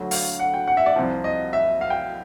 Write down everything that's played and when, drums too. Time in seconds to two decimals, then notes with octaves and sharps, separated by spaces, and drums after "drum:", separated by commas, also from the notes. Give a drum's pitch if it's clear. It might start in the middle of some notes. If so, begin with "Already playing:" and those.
Already playing: D2 D3 F#3
0.11 F5, drum: open hi-hat
0.39 F#5
0.54 G5
0.68 F#5
0.77 E5
0.86 D5
0.96 C2 C3 F3
1.24 D#5
1.53 E5
1.81 F5
1.90 G5